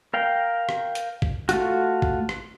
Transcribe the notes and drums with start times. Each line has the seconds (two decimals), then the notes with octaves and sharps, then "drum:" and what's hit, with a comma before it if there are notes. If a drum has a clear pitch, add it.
0.14 A#4 F5 G5
0.69 drum: rim click
0.95 drum: hi-hat
1.22 drum: kick G#1
1.49 A3 F4 F#4, drum: hi-hat
2.02 drum: kick G#1
2.29 drum: rim click